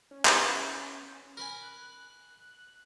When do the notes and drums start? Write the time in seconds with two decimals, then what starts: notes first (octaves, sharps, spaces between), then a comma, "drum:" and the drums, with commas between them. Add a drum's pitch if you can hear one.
0.11 C#4
0.25 drum: clap
1.37 A#4 B4 G#5
1.56 F#6